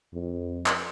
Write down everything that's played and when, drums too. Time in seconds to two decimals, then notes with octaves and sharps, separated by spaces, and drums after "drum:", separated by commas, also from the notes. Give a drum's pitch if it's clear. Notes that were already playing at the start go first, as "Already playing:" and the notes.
0.14 F2
0.66 drum: clap